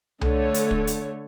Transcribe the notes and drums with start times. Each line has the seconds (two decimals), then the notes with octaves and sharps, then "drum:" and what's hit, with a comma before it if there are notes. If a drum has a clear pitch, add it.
0.21 D3 A3 C#5, drum: tom C2
0.54 drum: hi-hat
0.71 drum: kick
0.87 drum: hi-hat